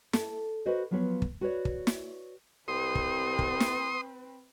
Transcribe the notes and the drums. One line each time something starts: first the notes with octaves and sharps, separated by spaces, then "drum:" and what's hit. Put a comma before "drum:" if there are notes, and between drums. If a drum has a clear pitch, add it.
A4, drum: snare
F#4 B4 C5 D#5
F3 F#3 B3 F4 B4 C#5
drum: kick
F#4 B4 C#5 D5
drum: kick
drum: snare
C2 C4 B4 C6 D#6
drum: kick
drum: kick
drum: snare